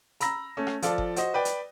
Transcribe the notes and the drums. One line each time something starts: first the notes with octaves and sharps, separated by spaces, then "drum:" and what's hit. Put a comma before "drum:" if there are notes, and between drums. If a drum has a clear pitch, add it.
A#5 B5 E6 A#6, drum: hi-hat
A3 C#4
drum: rim click
F3 F4 A4 D5, drum: hi-hat
drum: kick F#1
F#4 C5 D#5, drum: hi-hat
B4 D5 G5
drum: hi-hat